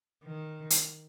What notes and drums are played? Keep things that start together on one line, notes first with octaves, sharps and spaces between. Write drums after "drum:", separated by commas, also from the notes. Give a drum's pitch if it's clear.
D#3
drum: hi-hat